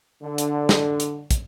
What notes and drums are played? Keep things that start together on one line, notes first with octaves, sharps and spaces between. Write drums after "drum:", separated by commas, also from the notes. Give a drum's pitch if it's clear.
D3
drum: hi-hat
drum: snare
drum: hi-hat
drum: kick, hi-hat